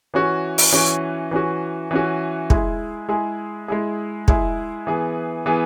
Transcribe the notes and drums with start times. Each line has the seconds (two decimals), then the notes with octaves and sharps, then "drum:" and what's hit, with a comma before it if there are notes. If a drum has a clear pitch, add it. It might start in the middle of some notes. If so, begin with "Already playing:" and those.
0.14 E3 C#4 F#4
0.58 drum: open hi-hat
0.72 E3 C#4 F#4
1.31 E3 C#4 F#4
1.91 E3 C#4 F#4
2.50 G#3 E4 G#4, drum: kick
3.09 G#3 E4 G#4
3.68 G#3 E4 G#4
4.28 G#3 E4 G#4, drum: kick
4.87 E3 B3 G#4
5.46 E3 B3 G#4